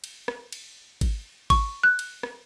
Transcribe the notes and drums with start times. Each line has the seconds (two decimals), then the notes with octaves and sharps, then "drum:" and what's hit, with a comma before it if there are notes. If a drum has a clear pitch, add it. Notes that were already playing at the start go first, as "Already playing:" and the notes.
0.04 drum: cymbal
0.28 drum: rim click
0.52 drum: cymbal
1.01 drum: kick G#1, cymbal
1.50 C#6, drum: kick G#1, cymbal
1.83 F#6
1.99 drum: cymbal
2.23 drum: rim click